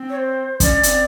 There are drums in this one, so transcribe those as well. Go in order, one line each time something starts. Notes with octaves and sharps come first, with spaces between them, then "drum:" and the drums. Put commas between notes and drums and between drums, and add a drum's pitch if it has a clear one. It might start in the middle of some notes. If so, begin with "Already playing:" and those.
Already playing: C4
C#5
C5
C#4 D5, drum: kick, hi-hat
C#4, drum: hi-hat
C4